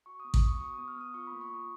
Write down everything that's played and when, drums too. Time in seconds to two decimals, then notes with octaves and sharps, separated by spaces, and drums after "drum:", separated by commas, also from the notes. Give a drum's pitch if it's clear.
0.06 F#4 C#6
0.20 B3 D#6
0.34 D#6, drum: kick A1
0.42 B3
0.47 C#6
0.55 D#6
0.60 F#4 C#6
0.74 B3 D#6
0.88 F6
0.96 B3 D#6
1.14 F4 C#6
1.27 A#3 B5
1.41 C#6
1.50 F4 D#6